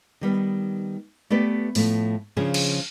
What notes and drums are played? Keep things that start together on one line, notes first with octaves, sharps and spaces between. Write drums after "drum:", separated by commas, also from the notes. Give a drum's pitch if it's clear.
D#3 G3 B3
A3 B3 G4 B4 D5
A2 F3 A3, drum: open hi-hat
C#3 F3 C#4 D4 G#4
drum: cymbal